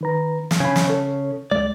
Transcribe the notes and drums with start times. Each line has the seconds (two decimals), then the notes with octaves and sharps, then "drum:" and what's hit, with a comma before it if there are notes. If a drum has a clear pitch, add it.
0.01 D#3 B4 A#5
0.51 drum: snare
0.60 C#3 G#5 B5
0.76 drum: snare
0.88 A4 C#5
1.51 C#2 G#3 D5